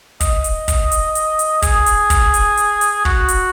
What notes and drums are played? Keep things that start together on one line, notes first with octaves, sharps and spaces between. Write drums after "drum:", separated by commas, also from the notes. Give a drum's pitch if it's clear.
D#5, drum: kick, hi-hat
drum: hi-hat
drum: kick, hi-hat
drum: hi-hat
drum: hi-hat
drum: hi-hat
G#4, drum: kick, hi-hat
drum: hi-hat
drum: kick, hi-hat
drum: hi-hat
drum: hi-hat
drum: hi-hat
F#4, drum: kick
drum: hi-hat